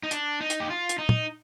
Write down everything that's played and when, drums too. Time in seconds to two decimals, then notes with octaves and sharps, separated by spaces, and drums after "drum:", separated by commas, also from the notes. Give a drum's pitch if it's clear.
0.03 D#4
0.11 D4, drum: hi-hat
0.41 D#4
0.50 drum: hi-hat
0.60 G4
0.70 F4
0.89 drum: hi-hat
0.99 D#4
1.09 drum: tom